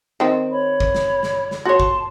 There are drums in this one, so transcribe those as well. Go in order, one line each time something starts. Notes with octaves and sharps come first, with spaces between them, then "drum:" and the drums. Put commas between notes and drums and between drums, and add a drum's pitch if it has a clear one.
D#3 C4
C#5 B5
drum: kick
drum: snare
drum: snare
drum: snare
F#4 C#5 A5 C6
drum: kick